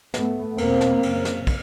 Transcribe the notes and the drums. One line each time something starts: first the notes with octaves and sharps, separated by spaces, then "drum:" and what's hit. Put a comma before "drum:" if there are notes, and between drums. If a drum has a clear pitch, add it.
G#2 A3 B3, drum: snare
E2 B2 A#3 C4, drum: cymbal
drum: snare
F#2 C#3, drum: cymbal
drum: snare
drum: kick, cymbal